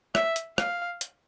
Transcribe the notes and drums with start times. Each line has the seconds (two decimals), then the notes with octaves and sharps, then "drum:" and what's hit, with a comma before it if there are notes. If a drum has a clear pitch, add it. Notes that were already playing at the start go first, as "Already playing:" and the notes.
0.15 E5, drum: rim click
0.36 drum: hi-hat
0.58 F5, drum: rim click
1.01 drum: hi-hat